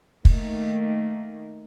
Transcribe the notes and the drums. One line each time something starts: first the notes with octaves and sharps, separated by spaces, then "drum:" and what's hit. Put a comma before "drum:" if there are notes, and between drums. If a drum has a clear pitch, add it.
D#3 A3 A#3, drum: kick